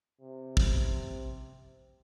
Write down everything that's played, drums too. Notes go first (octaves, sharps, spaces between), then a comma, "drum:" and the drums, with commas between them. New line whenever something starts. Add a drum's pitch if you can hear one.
C3
drum: kick